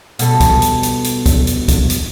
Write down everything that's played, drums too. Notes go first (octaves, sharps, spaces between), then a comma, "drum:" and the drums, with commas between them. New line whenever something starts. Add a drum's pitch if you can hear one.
B2 G3 A4, drum: hi-hat
drum: kick, hi-hat
drum: hi-hat
drum: hi-hat
drum: hi-hat
drum: kick, hi-hat
drum: hi-hat
drum: kick, hi-hat
drum: hi-hat